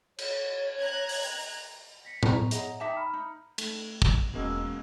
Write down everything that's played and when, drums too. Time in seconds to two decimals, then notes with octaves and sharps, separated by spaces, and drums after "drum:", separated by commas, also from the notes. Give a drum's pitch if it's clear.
0.18 C#5, drum: cymbal
0.80 A#5 F#6 G#6
1.09 drum: open hi-hat
2.05 A#6 B6 C#7
2.23 A#5 C#6, drum: tom A2
2.51 G#4 C#5 D#5 F#5 A#5, drum: hi-hat
2.80 D#4 E5 G5 A5 D6
2.96 A#5 B5 F6
3.13 D#4
3.58 A3, drum: cymbal
4.02 drum: kick
4.33 E1 B2 G#3 A#3 C#4 D#5 E6